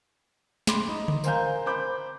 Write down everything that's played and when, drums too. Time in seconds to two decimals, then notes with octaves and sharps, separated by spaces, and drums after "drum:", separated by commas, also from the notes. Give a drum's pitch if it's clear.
0.67 B5 C6 D6, drum: snare
0.89 D#4
1.08 drum: tom C#3
1.24 A#4 C5 F5 G#5 A#5 G6, drum: tambourine
1.66 C5 B5 D6 G6